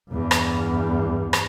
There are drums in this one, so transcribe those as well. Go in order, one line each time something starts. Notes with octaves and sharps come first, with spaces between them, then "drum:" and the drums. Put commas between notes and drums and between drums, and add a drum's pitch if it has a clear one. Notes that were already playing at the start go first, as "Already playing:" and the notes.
E2 G2
drum: rim click
drum: rim click